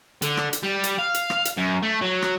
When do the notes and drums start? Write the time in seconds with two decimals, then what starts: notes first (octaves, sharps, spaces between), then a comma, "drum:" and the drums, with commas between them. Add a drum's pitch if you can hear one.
0.22 D3, drum: hi-hat
0.37 drum: rim click
0.53 drum: hi-hat
0.63 G3
0.84 drum: hi-hat
0.99 F5
1.14 drum: hi-hat
1.30 drum: rim click
1.45 drum: hi-hat
1.58 F#2
1.83 A3
2.02 F#3
2.22 drum: rim click